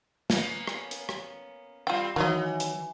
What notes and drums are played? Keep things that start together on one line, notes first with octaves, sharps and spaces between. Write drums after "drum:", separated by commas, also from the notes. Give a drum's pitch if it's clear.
A#3 B3 C#4, drum: snare
drum: rim click
drum: hi-hat
drum: rim click
G3 C4 F4 G5
D#3 E3 F#3 A#3 D#4 D#5
drum: hi-hat